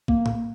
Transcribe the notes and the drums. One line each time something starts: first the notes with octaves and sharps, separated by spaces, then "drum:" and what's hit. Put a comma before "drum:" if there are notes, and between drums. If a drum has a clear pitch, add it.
A#3, drum: kick A#1
drum: tom A2